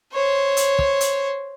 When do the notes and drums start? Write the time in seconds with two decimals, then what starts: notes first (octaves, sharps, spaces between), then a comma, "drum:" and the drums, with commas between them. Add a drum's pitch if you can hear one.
0.13 C5 C#5
0.57 drum: hi-hat
0.79 drum: kick
1.01 drum: hi-hat